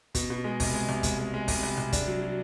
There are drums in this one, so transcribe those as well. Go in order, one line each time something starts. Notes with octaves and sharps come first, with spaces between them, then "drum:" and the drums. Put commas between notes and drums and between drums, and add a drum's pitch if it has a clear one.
B2, drum: kick, hi-hat
B2
G#3
C2, drum: kick, open hi-hat
G#3
C2
G#3, drum: kick, hi-hat
G#3
G#3
C2, drum: kick, open hi-hat
C2
C2
D4, drum: kick, hi-hat
F#3
F#3